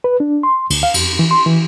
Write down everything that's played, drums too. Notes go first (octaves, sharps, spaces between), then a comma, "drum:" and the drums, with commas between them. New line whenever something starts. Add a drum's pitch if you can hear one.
B4
D4
C6
D2, drum: cymbal
F5
F2, drum: cymbal
E3
C6
E3